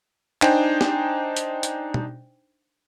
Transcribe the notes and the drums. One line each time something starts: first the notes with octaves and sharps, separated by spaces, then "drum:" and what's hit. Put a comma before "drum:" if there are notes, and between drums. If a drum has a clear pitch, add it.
D4 D#4 C5 G5 G#5, drum: clap
drum: snare
drum: hi-hat
drum: hi-hat
drum: tom B2